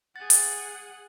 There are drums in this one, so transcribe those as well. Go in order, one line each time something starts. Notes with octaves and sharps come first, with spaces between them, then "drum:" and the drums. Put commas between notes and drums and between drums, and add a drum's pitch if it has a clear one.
G#4 F#5 A6
drum: hi-hat